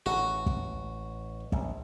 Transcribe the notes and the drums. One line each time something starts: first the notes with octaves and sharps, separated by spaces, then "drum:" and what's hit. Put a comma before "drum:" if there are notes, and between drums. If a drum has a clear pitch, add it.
A1 F#4
drum: kick
A#1, drum: kick